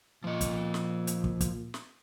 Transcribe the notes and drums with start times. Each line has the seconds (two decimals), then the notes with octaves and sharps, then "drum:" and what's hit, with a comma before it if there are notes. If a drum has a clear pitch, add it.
0.24 A#2 F3 D#5
0.41 drum: kick, hi-hat
0.74 drum: snare
1.07 drum: hi-hat
1.24 drum: kick
1.41 drum: kick, hi-hat
1.74 drum: snare